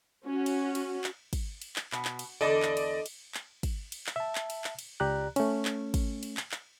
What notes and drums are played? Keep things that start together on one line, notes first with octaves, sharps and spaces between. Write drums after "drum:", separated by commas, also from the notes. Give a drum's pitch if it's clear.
C#4 F#4
drum: cymbal
drum: cymbal
drum: clap
drum: kick, cymbal
drum: cymbal
drum: clap
B2, drum: clap
drum: clap
drum: cymbal
E2 D3 A4 D5 D#5
drum: clap
drum: cymbal
drum: cymbal
drum: clap
drum: kick, cymbal
drum: cymbal
drum: clap
E5 A5
drum: clap
drum: cymbal
drum: clap
drum: cymbal
C#2 G4 D5 A#5 F#6
A3 C#4, drum: cymbal
drum: clap
drum: kick, cymbal
drum: cymbal
drum: clap
drum: clap